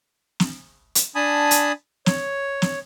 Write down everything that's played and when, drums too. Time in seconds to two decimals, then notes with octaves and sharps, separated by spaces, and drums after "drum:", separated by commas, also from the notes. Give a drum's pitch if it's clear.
0.40 drum: snare
0.95 drum: hi-hat
1.15 D4 G#5 A5 B5 D#6
1.51 drum: hi-hat
2.06 C#5, drum: snare
2.62 drum: snare